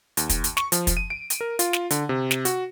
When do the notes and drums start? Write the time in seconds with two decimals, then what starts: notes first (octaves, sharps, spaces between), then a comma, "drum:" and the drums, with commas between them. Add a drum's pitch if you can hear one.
0.17 D#2, drum: hi-hat
0.29 drum: kick, hi-hat
0.44 drum: hi-hat
0.57 C#6, drum: snare
0.72 F3, drum: hi-hat
0.87 drum: kick, hi-hat
0.97 D#7
1.10 D7
1.30 drum: hi-hat
1.41 A#4
1.59 F4, drum: hi-hat
1.73 drum: snare
1.91 D3, drum: hi-hat
2.09 C3
2.31 drum: snare
2.45 F#4, drum: hi-hat